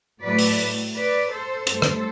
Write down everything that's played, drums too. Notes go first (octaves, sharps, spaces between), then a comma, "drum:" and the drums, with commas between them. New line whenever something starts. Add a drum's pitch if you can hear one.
A2 F#3 A3 B4 D5
drum: open hi-hat
B4 D5
A4 C5
G2 F#3 A3 A4 C5, drum: hi-hat
drum: rim click